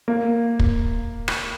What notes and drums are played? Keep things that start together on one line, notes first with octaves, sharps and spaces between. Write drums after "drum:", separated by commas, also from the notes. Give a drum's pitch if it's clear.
A#3
drum: kick
drum: rim click